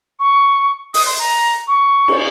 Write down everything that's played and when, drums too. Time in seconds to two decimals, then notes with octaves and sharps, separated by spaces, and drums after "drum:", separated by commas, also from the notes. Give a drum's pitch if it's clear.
0.19 C#6
0.94 D#6, drum: open hi-hat
1.06 C6
1.19 A#5
1.67 C#6
2.08 drum: cymbal